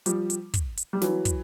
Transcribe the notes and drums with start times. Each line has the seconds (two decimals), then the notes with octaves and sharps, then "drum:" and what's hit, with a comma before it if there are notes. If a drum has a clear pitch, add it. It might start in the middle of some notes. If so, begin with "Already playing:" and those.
0.06 F3 G3, drum: hi-hat
0.30 drum: hi-hat
0.54 drum: kick, hi-hat
0.77 drum: hi-hat
0.93 G3
1.02 E3 F#3, drum: snare
1.25 drum: kick, hi-hat